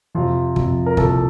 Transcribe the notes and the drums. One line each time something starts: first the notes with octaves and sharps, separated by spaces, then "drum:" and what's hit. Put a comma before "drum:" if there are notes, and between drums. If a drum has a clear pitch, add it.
F2 C3 F3 F4
F2 C3 F3, drum: kick
A#4
C2 A#2 F3 A4, drum: kick